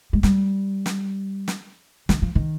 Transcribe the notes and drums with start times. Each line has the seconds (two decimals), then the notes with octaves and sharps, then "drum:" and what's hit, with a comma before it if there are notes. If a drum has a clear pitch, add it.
0.13 G#3
0.23 G3, drum: snare
0.86 drum: snare
1.48 drum: snare
2.09 D#3, drum: snare
2.22 F3
2.35 D#3